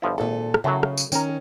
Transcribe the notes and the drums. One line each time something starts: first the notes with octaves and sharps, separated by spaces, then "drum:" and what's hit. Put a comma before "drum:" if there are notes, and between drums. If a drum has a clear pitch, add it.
G1 F3 E4
G#1 A#2 A4
drum: rim click
F#2 A2 C#3 F#3
drum: rim click
drum: tambourine
D#3 C#4 A#4 G5, drum: tambourine